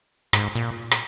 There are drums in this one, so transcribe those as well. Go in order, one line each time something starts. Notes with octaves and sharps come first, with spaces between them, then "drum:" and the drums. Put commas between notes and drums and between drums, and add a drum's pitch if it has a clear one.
G#2, drum: rim click
A#2
drum: rim click